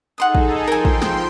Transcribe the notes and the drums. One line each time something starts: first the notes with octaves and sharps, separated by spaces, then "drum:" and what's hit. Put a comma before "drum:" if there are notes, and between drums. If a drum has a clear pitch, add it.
D#4 G#4 A4 F#5 C6 D#6
drum: kick
F3 A#4 G5 G#5 C6
drum: kick
drum: snare